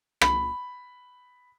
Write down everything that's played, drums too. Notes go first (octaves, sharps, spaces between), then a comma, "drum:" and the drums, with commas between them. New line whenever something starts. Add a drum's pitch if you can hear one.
B5, drum: rim click